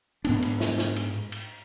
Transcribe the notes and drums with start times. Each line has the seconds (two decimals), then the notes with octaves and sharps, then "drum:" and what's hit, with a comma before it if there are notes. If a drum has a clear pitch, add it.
0.25 G#2 B3 D4, drum: cymbal
0.42 drum: cymbal
0.60 drum: snare
0.78 drum: snare
0.96 drum: cymbal
1.32 drum: cymbal